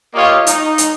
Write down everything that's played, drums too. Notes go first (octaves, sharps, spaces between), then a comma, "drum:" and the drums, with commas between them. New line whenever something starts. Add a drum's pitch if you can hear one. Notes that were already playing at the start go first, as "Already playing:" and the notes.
A#3 F4 G4 C#5 D#5 F5
D#4, drum: hi-hat
drum: hi-hat